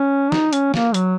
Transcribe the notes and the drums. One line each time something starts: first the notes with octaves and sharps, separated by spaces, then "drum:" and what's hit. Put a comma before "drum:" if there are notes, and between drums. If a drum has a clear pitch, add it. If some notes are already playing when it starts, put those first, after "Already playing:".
Already playing: C#4
D#4, drum: snare
C#4, drum: hi-hat
A#3, drum: snare
F#3, drum: hi-hat